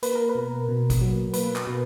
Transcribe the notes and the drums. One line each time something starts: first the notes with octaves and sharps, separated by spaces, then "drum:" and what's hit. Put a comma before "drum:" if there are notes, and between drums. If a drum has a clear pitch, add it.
A#3 B4, drum: hi-hat
A#4
B4
B2
B2
drum: kick A1, hi-hat
F#3
A#3 B4, drum: hi-hat
drum: clap
B2